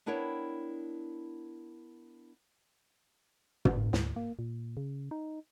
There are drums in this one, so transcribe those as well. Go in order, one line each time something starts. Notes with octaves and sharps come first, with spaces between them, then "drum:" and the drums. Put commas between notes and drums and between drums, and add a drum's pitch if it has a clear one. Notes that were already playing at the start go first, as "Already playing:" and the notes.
B3 D4 E4 A#4 C#5 G5
G1, drum: tom
D2, drum: snare
A#3
A#2
C#3
D#4